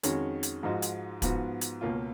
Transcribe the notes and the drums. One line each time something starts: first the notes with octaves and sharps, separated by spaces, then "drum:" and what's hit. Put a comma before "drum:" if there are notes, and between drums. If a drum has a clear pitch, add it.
F2 D#3 G#3 C#4 F#4, drum: hi-hat
drum: hi-hat
G#2 F3 G#3 D#4 F#4
drum: hi-hat
G#2 F3 B3 F#4, drum: kick, hi-hat
drum: hi-hat
C#2 B2 A#3 C#4 F4